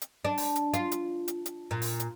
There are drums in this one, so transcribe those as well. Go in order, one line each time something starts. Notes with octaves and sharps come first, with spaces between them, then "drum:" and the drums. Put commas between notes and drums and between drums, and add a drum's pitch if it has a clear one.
drum: hi-hat
D4
drum: open hi-hat
drum: hi-hat
F4, drum: hi-hat
drum: hi-hat
drum: hi-hat
drum: hi-hat
A#2
drum: open hi-hat
drum: hi-hat